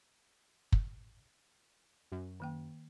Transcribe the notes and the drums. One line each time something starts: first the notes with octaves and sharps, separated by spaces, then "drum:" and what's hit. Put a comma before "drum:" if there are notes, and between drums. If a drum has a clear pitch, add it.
drum: kick
F#2
D#3 A#3 G5